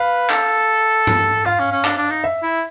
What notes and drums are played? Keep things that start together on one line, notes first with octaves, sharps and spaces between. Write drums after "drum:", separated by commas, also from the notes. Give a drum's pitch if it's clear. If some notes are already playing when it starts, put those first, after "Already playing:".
Already playing: B4 F5
A4, drum: clap
drum: tom G2
F4 F5
C#4
C#4
D4, drum: clap
D4
D#4
E5
E4